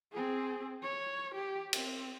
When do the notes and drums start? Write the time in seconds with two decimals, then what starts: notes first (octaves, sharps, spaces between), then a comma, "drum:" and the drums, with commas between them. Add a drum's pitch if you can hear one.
0.13 C4 G#4
0.83 C#5
1.35 G4
1.73 C4, drum: cymbal